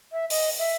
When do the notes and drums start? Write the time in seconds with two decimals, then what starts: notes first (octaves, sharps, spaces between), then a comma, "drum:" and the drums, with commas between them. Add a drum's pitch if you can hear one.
0.12 E5
0.30 D#5, drum: open hi-hat
0.59 E5